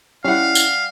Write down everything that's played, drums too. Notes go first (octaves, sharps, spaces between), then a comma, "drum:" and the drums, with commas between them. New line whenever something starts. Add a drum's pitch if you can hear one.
G3 C#4 E4 F5 F#5
drum: tambourine